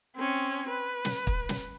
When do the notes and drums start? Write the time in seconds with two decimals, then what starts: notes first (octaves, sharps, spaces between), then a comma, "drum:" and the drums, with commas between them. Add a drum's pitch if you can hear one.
0.16 C4 C#4
0.69 B4
1.05 drum: snare
1.27 drum: kick
1.49 drum: snare